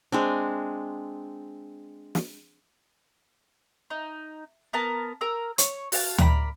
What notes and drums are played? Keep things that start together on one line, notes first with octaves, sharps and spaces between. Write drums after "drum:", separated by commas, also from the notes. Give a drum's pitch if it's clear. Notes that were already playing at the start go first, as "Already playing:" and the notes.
G#3 C4 D4
drum: snare
D#4
B3 A#4 A5 A#5
A#4 E6
C#5, drum: hi-hat
F#4 F5 A5, drum: open hi-hat
A#4 D5 G5 B5, drum: tom D2